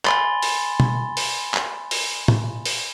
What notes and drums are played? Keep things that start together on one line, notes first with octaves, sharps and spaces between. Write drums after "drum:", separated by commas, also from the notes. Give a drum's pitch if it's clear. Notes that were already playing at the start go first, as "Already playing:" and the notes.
G#5 B5 C6 A6 G7, drum: clap
drum: open hi-hat
drum: tom B2
drum: open hi-hat
drum: clap
drum: open hi-hat
drum: tom A2
drum: open hi-hat